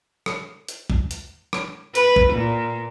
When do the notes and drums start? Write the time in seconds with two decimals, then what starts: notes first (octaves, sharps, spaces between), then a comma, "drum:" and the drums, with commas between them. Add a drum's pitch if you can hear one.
0.26 drum: rim click
0.68 drum: hi-hat
0.90 drum: kick
1.11 drum: hi-hat
1.53 drum: rim click
1.95 B4, drum: hi-hat
2.16 drum: kick
2.33 A#2